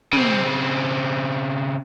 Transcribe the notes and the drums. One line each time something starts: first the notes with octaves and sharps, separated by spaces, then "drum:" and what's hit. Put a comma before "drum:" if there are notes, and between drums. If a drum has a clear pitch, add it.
C#3 C4, drum: tom